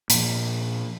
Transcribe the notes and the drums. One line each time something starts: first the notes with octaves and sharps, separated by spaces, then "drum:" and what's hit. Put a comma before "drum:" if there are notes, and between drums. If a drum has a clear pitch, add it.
A#2 F3, drum: hi-hat